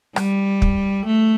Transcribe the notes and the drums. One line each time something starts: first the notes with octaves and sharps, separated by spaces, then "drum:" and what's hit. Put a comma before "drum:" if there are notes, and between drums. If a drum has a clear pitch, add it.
G3, drum: rim click
drum: kick
A3